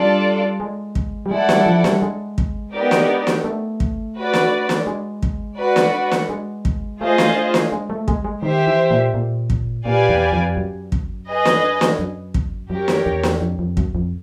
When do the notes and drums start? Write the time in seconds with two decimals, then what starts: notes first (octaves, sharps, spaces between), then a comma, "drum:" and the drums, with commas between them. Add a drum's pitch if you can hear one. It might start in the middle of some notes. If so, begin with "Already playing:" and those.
Already playing: G3 D4 F4 A4 D5
0.60 G#3
0.95 drum: kick
1.26 G3
1.31 G#3 E4 A4 D5 F#5
1.49 G3, drum: snare
1.66 F3
1.84 G3, drum: snare
2.02 G#3
2.38 drum: kick
2.73 B3 D#4 G4 A#4 D5
2.91 drum: snare
3.27 drum: snare
3.44 A3
3.80 drum: kick
4.15 F#4 B4 D5
4.33 drum: snare
4.69 drum: snare
4.87 G#3
5.22 drum: kick
5.58 F#4 B4 D5 F#5
5.76 drum: snare
6.11 drum: snare
6.29 G#3
6.65 drum: kick
7.01 A3 F4 G#4 C5 D#5
7.18 drum: snare
7.54 drum: snare
7.72 G#3
7.90 A3
8.08 G#3, drum: kick
8.24 G#3
8.42 D#3 G4 C5 E5
8.67 E3
8.91 A#2
9.14 A#2
9.50 drum: kick
9.85 A#2 G4 B4 D5 F5 G#5
10.09 E2
10.32 F2
10.57 F#2
10.92 drum: kick
11.28 G#4 B4 D#5
11.45 drum: snare
11.81 drum: snare
11.99 F#2
12.34 drum: kick
12.69 F#2 G4 A#4 C#5
12.88 drum: snare
13.06 E2
13.23 drum: snare
13.41 F2
13.59 F2
13.77 F#2, drum: kick
13.95 F2